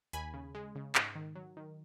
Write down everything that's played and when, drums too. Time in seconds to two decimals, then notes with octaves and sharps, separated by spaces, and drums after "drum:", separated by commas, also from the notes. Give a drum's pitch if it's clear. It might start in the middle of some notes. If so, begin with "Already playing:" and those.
0.13 D#2 G#5 B5, drum: hi-hat
0.34 C#3
0.55 G#3
0.75 C#3
0.95 G#2, drum: clap
1.15 D#3
1.35 F#3
1.57 D#3